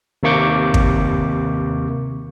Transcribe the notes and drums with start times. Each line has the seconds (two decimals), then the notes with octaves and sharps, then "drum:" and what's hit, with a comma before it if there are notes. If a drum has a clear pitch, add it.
0.23 D#2 C3 A#3 C#6 D6 G6
0.74 drum: kick